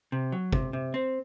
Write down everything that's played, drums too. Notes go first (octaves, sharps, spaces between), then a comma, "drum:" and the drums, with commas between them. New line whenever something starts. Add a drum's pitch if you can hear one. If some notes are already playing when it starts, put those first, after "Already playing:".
C3
F#3
C3, drum: kick
C3
C4